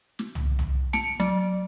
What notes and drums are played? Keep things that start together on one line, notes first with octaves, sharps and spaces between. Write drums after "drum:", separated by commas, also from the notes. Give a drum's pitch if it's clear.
drum: snare
drum: tom
drum: tom
A5 C#7 D7, drum: snare
F#3, drum: snare